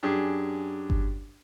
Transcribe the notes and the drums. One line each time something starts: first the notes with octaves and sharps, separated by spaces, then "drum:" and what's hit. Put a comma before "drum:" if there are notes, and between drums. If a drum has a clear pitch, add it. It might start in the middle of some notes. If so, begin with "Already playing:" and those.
F#2 D4 G4 G#4
drum: kick G1